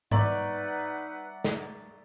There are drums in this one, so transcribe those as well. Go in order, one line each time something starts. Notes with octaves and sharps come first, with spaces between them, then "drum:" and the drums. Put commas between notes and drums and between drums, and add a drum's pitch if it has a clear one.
G3 D#4 B4 D5 E5 F#5 A#5 C#6, drum: tom G#2
drum: snare